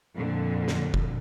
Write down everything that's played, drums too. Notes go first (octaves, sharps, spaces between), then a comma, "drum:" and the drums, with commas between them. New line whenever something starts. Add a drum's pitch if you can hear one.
F2 A#2 D3
drum: snare
drum: kick F1